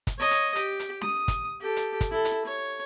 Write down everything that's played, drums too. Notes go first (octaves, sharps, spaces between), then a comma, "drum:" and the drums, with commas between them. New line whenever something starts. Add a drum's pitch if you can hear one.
drum: kick, hi-hat
C#5 D#5
drum: hi-hat
G4, drum: hi-hat
drum: hi-hat
D#6, drum: snare
drum: kick, hi-hat
G4 A4
drum: hi-hat
drum: kick, hi-hat
E4 A4
drum: hi-hat
C#5